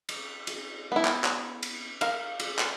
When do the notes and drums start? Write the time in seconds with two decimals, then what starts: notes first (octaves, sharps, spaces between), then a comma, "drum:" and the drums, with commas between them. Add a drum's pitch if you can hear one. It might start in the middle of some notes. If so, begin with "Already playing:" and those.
0.09 drum: cymbal
0.47 drum: cymbal
0.92 B3 E4
1.05 drum: clap
1.24 drum: clap
1.63 drum: cymbal
2.01 A#4 F5, drum: cymbal
2.40 drum: cymbal
2.59 drum: clap